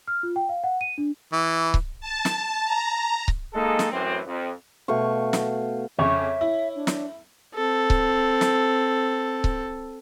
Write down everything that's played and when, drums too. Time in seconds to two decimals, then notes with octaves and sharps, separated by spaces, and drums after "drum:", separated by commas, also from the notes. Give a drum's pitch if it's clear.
0.08 F6
0.23 F4
0.36 G5
0.49 F5
0.64 F#5
0.81 D#7
0.98 D4
1.33 E3
1.74 drum: kick C#1
2.01 A5
2.25 drum: snare
2.65 A#5
3.28 drum: kick C#1
3.53 G#3 A#3 D#4 G#4 A4
3.79 drum: snare
3.91 F#2 A2 E3 C4
4.26 F2
4.88 B2 A3 F5 C#6
5.33 drum: snare
5.99 F2 C#3 C#5 E5
6.41 E4
6.75 D4
6.87 drum: snare
7.55 C4 A4
7.90 drum: kick C#1
8.41 drum: snare
9.44 drum: kick C#1